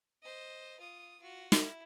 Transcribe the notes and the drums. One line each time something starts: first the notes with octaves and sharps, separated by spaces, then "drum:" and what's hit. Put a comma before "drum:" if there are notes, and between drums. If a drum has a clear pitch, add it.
C5 D#5
F4 D#6
F4 F#4
E4, drum: snare